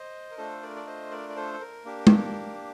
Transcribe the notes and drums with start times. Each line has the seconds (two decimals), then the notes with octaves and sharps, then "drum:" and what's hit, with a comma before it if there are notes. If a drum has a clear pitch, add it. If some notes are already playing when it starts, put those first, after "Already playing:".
Already playing: C5 D#5
0.31 A#4
0.37 A3 D4 F4 A4 C5
0.62 A#4 D5
0.76 D5
0.87 C5 D#5
1.11 A#4 D5
1.29 D5
1.36 A4 C5
1.54 A4
1.61 A#4
1.85 A#3 D4 G4
2.07 drum: tom G#3